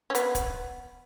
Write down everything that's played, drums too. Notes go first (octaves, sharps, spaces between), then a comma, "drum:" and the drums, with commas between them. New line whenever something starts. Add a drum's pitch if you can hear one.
C#4
B3, drum: hi-hat
drum: kick, hi-hat